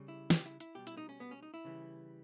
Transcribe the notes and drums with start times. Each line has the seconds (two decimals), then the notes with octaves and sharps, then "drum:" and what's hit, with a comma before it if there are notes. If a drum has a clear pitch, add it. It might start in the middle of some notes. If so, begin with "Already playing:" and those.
Already playing: C#3 G3
0.08 E4
0.30 G4, drum: snare
0.45 E4
0.60 E4, drum: hi-hat
0.75 B2 G3 G4
0.87 E4, drum: hi-hat
0.97 D#4
1.09 C#4
1.20 B3
1.31 C#4
1.43 D#4
1.54 E4
1.65 C#3 E3 G3